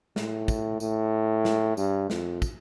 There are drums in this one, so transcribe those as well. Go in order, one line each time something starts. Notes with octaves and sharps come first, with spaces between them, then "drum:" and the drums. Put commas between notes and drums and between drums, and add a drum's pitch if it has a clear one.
A2, drum: snare
drum: kick, tambourine
A2, drum: tambourine
drum: snare
G2, drum: tambourine
F2, drum: snare
drum: kick, tambourine